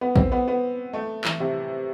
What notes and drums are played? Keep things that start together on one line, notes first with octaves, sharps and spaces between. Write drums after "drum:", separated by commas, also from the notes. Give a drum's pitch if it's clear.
B3
C4, drum: kick
B3
B3
A3
E3, drum: clap
C3